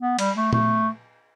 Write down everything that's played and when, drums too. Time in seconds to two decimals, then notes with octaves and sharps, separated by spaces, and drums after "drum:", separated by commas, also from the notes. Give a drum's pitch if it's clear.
0.02 B3
0.19 G3, drum: cymbal
0.36 A3
0.53 A3, drum: tom A#2